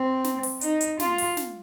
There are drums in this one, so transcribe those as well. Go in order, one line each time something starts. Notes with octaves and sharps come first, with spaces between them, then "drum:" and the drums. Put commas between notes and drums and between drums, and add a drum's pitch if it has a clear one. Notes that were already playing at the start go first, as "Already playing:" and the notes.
Already playing: C4
drum: snare
drum: open hi-hat
D#4, drum: hi-hat
drum: hi-hat
F4, drum: snare
drum: open hi-hat
drum: snare